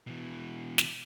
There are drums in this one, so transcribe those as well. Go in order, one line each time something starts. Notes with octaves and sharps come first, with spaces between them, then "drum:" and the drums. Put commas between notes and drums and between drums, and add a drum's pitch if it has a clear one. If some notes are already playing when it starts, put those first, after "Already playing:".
B2 E3
drum: snare